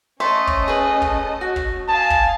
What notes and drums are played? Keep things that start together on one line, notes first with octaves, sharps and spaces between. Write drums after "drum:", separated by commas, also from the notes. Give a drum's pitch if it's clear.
A3 C#4 A4 C5 C#5 D#5 A5
drum: kick
G#4 B4
drum: kick
F#4
drum: kick
D#5 F5 G#5 A5
drum: kick